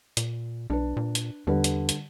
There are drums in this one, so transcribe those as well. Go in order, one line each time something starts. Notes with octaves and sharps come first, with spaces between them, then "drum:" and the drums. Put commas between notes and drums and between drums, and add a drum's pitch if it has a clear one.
A#2, drum: hi-hat
B1 D4 B4
A#2
drum: hi-hat
E2 D3 G3 B4
drum: hi-hat
drum: hi-hat